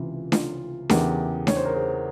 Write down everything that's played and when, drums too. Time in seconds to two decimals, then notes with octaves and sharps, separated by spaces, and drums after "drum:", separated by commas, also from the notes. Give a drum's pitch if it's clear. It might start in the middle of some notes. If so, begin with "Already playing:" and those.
Already playing: C#2 C3 E3 F4
0.32 F4, drum: snare D4
0.89 E2 C#3 E3 G4 A#4, drum: snare D4
1.47 C#5, drum: snare D4
1.57 C5
1.65 A#4
1.74 G#4 C5